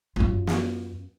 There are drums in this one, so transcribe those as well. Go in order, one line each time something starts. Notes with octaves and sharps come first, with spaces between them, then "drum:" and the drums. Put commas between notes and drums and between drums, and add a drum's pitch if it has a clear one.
F#2 F4, drum: kick
drum: snare